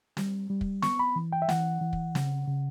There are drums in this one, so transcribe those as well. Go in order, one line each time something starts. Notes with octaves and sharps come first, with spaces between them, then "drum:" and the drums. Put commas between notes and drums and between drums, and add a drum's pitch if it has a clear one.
G3, drum: snare
G3
drum: kick
B3 C#6, drum: snare
B5
E3
G5
E5
E3 F#5, drum: snare
E3
drum: kick
C#3, drum: snare
C#3